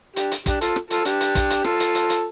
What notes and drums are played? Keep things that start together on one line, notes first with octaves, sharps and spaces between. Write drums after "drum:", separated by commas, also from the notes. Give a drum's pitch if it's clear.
D4 G4, drum: hi-hat
drum: hi-hat
D4 G4, drum: kick, hi-hat
F4 A4, drum: hi-hat
drum: rim click
F4 A4, drum: hi-hat
D4 G4, drum: hi-hat
drum: hi-hat
drum: kick, hi-hat
drum: hi-hat
F4 A4, drum: rim click
drum: hi-hat
drum: hi-hat
drum: hi-hat